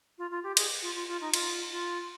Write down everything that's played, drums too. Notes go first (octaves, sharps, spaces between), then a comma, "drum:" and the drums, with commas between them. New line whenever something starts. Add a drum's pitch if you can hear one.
F4
F4
G4
G#4, drum: cymbal
F4
F4
F4
D#4
F4, drum: cymbal
F4